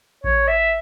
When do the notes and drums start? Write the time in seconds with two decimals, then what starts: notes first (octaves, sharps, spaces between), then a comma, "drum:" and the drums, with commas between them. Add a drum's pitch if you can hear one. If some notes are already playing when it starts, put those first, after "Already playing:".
0.24 C#5, drum: kick A1
0.48 E5